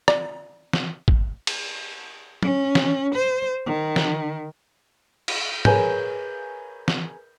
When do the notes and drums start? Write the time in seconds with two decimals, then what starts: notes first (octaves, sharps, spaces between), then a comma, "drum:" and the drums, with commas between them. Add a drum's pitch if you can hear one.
0.08 D5, drum: rim click
0.73 drum: snare
1.08 drum: kick A1
1.47 drum: cymbal
2.43 C#4, drum: tom
2.75 drum: snare
3.15 C5
3.66 D#3
3.96 drum: snare
5.28 drum: cymbal
5.65 G#4 A#4 B4 C#5 G#5 G6, drum: tom
6.88 drum: snare